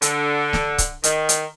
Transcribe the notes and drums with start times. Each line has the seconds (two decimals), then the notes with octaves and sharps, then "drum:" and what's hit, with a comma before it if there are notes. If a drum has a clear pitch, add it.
0.02 D3, drum: hi-hat
0.53 drum: snare
0.78 drum: kick C#1, hi-hat
1.04 D#3, drum: hi-hat
1.29 drum: hi-hat